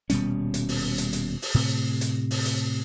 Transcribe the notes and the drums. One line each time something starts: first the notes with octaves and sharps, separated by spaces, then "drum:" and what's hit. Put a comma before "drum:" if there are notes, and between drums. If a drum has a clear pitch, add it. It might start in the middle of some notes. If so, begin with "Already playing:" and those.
D#1 B2 G3 C#4, drum: hi-hat
drum: hi-hat
drum: open hi-hat
drum: hi-hat
drum: hi-hat
drum: open hi-hat
A2 C3
drum: hi-hat
drum: open hi-hat
drum: hi-hat